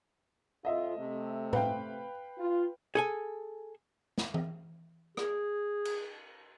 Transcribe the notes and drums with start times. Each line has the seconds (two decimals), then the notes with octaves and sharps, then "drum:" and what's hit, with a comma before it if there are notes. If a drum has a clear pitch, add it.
0.65 F2 F4 D#5 E5
0.97 C3 A3
1.53 B4 F5 G5, drum: tom A2
2.38 F4
2.95 G#4 A4 G#5
4.18 drum: snare
4.34 drum: tom E3
5.17 G#4, drum: rim click
5.85 drum: cymbal